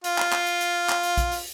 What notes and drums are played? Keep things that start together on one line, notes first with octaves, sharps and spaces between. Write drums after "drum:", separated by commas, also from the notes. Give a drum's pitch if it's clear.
F4, drum: hi-hat
drum: clap
drum: clap
drum: hi-hat
drum: hi-hat
drum: clap
drum: hi-hat
drum: kick A#1, hi-hat
drum: open hi-hat